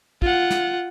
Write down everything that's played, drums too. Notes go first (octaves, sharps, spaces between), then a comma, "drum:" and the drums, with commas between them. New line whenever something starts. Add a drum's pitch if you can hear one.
F4 F#5, drum: kick
drum: snare